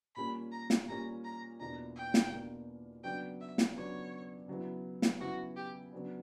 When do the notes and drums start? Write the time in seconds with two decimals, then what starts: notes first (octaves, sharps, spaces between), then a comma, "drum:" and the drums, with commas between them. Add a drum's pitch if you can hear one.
0.15 A#2 G3 A#3 C#4 B5
0.52 A#5
0.70 drum: snare
0.88 A#2 G3 A#3 C#4 A#5
1.24 A#5
1.59 E2 B2 A#3 D4 A#5
1.96 G5
2.14 drum: snare
2.31 E2 B2 A#3 D4
3.04 C#3 F#3 B3 D4 G5
3.41 E5
3.58 drum: snare
3.76 C#3 F#3 B3 D4 C#5
4.48 C#3 F#3 B3 E4
5.02 drum: snare
5.20 C#3 F#3 B3 E4 F#4
5.56 G4
5.92 C#3 F#3 B3 D4